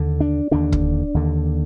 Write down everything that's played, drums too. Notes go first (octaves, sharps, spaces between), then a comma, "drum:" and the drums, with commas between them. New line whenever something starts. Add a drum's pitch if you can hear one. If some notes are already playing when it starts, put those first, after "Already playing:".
Already playing: D#2 D3
D4
D#2 D3 D4
drum: kick
D#2 D3